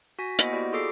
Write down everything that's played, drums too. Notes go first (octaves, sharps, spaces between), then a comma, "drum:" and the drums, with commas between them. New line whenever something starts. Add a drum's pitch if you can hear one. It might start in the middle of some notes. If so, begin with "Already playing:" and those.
F#4 G#5 A#6 B6
A#3 B3 E4 C5 D#5 F#5, drum: hi-hat
E4 F#4 G4 D5
F4 F#4 G#4 A4 D6 C7